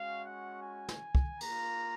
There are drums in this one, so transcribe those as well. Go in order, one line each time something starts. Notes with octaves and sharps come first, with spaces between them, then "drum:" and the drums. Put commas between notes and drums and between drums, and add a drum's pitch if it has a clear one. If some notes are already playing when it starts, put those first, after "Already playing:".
Already playing: G#3 C#4 F#4 F5
F#5
G#5
drum: snare
drum: kick
A#3 F4 A#5, drum: cymbal